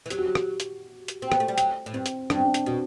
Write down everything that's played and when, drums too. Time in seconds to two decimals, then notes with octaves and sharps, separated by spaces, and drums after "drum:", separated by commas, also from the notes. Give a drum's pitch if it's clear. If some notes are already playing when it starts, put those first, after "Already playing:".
0.06 E3
0.10 F#3 G4, drum: hi-hat
0.19 F#4
0.26 G4
0.35 drum: rim click
0.60 drum: hi-hat
1.08 drum: hi-hat
1.22 C4
1.32 B3, drum: rim click
1.40 A3
1.48 G3
1.58 F#3, drum: hi-hat
1.86 A2
1.93 G2 C4
2.06 drum: hi-hat
2.30 G2 D4, drum: rim click
2.37 C4
2.45 D4
2.54 drum: hi-hat
2.66 B2 F#4